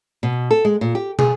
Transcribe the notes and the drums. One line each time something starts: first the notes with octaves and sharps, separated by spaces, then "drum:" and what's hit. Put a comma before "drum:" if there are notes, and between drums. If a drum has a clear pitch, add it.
B2
A4
G#3
A#2
G4
G#4, drum: tom